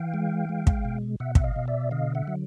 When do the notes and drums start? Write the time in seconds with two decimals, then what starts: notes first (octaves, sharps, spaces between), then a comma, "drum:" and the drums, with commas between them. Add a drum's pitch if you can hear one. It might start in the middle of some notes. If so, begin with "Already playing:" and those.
Already playing: E3 F5 G5
0.14 G#3
0.49 G#3
0.67 drum: kick
0.85 B2
1.20 B2 E5 F#5
1.35 E5, drum: kick
1.44 D#5 F5
1.56 B2
1.68 D5 E5
1.91 D3 D#5 F5
2.15 E5 F#5
2.27 F#3